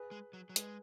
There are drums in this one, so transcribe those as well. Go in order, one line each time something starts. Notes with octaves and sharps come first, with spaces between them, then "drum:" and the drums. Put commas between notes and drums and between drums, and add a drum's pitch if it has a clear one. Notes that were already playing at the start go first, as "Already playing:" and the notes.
Already playing: G#4 B4
G#3
F#3
F#3
G#3 G#4 B4, drum: hi-hat